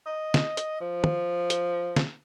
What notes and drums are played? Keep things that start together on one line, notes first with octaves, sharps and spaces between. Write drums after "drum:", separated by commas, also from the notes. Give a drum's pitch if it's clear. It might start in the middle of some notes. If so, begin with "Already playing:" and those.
D#5
drum: snare
drum: hi-hat
F3
drum: tom
drum: hi-hat
drum: snare